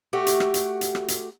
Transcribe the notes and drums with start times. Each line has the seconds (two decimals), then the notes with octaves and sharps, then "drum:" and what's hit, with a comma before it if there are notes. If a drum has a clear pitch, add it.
0.13 A3 F#4 G4
0.27 drum: hi-hat
0.40 drum: rim click
0.54 drum: hi-hat
0.81 drum: hi-hat
0.95 drum: rim click
1.08 drum: hi-hat